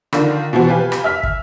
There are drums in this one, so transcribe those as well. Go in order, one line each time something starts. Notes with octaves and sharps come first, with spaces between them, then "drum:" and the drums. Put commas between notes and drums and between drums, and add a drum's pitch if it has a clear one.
D3 D#3 D4 F4, drum: rim click
B2 E3 F3 F#4
G4 B4 F5 G#5
drum: rim click
E5 F6 B6
drum: kick